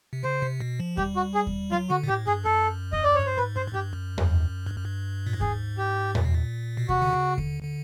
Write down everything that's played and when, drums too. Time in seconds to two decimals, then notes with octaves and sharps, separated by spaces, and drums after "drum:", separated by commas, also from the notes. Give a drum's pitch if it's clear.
0.13 C3
0.23 C#3 C5
0.42 C3
0.61 B2
0.80 F3
0.97 G3 G4, drum: kick D#2
1.16 F#4
1.35 G#4
1.47 drum: kick D#2
1.71 F#3 F4
1.90 D3 F#4
2.03 A#2
2.08 A2 G4
2.27 G2 G#4
2.45 F#2 A4
2.93 D#5, drum: kick D#2
3.04 D5
3.15 G2 C#5
3.27 C5
3.38 G#2 B4
3.56 G2 C5
3.67 G#2
3.74 G2 G4
3.93 F#2
4.18 drum: tom E2
4.66 G2
4.76 F#2
4.85 G2
5.26 A#2
5.33 A2
5.41 G#2 G#4, drum: kick D#2
5.78 G4
6.15 A#2, drum: tom E2
6.25 B2
6.34 A#2
6.77 B2
6.89 C3 F#4, drum: kick D#2
7.02 D3
7.13 C#3
7.38 D3, drum: kick D#2
7.63 D3